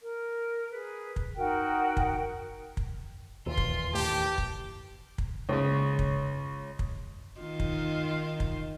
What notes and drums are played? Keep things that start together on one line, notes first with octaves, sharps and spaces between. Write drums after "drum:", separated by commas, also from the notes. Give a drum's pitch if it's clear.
A#4
G#4 B4
drum: kick
D#4 F#4 A#4 G5
drum: kick
drum: kick
D#2 A#2 E3 F4 C6
drum: kick
A2 D#3 E3 G4 A5
drum: kick
drum: kick
C#2 C#3
drum: kick
drum: kick
D#3 D#4 F4
drum: kick
drum: kick